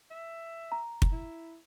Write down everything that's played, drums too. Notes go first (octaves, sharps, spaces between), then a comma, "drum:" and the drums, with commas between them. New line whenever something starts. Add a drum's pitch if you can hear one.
E5
A#5
drum: kick
E4